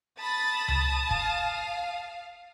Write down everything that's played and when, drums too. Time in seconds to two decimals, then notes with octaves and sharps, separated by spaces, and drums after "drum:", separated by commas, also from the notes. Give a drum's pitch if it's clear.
0.19 A5 B5 D#6 A6
0.68 drum: tom C#2
1.11 F5, drum: kick